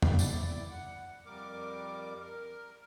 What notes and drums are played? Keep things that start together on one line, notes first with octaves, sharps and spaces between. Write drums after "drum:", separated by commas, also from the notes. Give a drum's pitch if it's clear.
E4 D5, drum: tom E2
drum: tambourine
F#5
F2 G3 A#4 D6
A#4